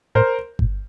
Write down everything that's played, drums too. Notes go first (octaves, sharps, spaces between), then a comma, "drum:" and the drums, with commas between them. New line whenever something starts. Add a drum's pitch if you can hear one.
A2 A#4 C5
A2, drum: kick G1